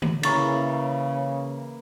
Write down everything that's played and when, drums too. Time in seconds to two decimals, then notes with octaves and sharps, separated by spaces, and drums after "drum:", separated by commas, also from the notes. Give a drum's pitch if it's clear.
0.02 drum: tom D3
0.23 C#3 E3 A#3 A#5 C#6 A6, drum: cymbal